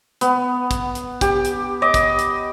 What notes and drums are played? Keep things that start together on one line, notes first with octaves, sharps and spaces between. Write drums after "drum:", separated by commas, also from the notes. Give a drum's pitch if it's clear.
B3, drum: hi-hat
drum: kick, hi-hat
drum: hi-hat
G4, drum: kick, hi-hat
drum: hi-hat
D#5 D6
drum: kick, hi-hat
drum: hi-hat